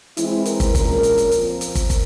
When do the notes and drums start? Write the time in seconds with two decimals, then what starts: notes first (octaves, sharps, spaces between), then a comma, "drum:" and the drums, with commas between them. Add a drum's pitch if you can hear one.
0.17 E3 G#3 C4 E4, drum: hi-hat
0.45 A#4, drum: hi-hat
0.60 drum: kick, hi-hat
0.75 A#2 G#3 C#4 A#4, drum: kick, hi-hat
1.03 drum: hi-hat
1.18 drum: hi-hat
1.31 F3 C4 A#4, drum: hi-hat
1.61 drum: hi-hat
1.75 drum: kick, hi-hat
1.90 drum: kick, hi-hat